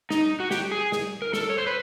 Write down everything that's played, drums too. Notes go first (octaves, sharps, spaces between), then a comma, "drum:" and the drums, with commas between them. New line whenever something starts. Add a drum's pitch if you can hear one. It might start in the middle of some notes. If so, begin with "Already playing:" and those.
D#4, drum: snare
F#4
G4, drum: snare
G#4
drum: snare
A#4
A4, drum: snare
C#5
C5
B4